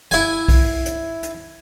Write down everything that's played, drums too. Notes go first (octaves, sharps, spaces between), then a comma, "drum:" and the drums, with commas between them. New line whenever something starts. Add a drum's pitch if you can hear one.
E4 G#5, drum: hi-hat
drum: kick B1, open hi-hat
drum: hi-hat
drum: hi-hat